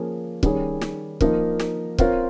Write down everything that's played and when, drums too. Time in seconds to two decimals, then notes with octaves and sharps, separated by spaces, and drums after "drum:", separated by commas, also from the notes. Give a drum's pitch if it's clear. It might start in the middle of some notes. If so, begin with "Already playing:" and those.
Already playing: F3 A#3 C#4 G#4
0.43 D#3 G3 C#4 G#4 C#5, drum: kick
0.82 drum: snare
1.21 F3 A#3 D#4 A#4, drum: kick
1.60 drum: snare
1.98 C4 F4 A#4 C#5, drum: kick